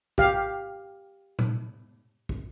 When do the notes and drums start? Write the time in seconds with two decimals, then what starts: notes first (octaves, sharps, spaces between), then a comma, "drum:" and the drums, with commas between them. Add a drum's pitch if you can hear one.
0.18 G4 F5, drum: kick
1.39 drum: tom A#2
2.29 drum: kick